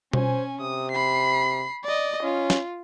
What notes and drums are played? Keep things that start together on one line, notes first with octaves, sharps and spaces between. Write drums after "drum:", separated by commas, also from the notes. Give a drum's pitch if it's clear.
C#4 C5 G#5, drum: tom B2
C3 D#6
B5 C7
D5 D#5
C#4 F4
drum: snare